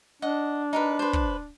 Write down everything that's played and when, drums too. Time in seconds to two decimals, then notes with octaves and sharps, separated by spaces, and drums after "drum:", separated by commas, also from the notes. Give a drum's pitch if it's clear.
0.22 D4 D#5 F#5
0.73 D#4 A#4 B4
0.99 B4 C5
1.13 drum: kick